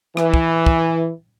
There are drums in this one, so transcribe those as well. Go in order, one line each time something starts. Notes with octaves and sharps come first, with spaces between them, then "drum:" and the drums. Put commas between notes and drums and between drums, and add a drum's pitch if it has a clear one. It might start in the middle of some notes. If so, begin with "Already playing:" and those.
E3, drum: rim click
drum: kick
drum: kick